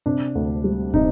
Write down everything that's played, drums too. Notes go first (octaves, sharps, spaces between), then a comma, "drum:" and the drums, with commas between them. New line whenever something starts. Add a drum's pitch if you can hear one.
C3 D4
D2
G3
C3 D#4, drum: kick